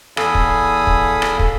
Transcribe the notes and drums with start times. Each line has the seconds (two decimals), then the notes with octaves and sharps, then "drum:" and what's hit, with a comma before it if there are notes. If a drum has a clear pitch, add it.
0.17 E2 A4 F5 G#5 B5 D#6, drum: rim click
0.35 drum: kick
0.87 drum: kick
1.22 drum: rim click
1.39 drum: kick